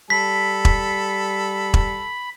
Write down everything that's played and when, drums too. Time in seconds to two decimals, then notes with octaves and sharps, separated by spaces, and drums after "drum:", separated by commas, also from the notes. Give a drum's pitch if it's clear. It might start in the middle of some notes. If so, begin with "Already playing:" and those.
0.10 G3 A4 B5 B6
0.65 drum: kick E1
1.74 drum: kick E1